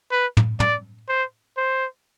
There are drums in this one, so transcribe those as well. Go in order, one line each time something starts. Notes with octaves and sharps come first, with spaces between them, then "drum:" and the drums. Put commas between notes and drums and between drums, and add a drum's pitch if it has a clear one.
B4
drum: tom
D5, drum: tom
C5
C5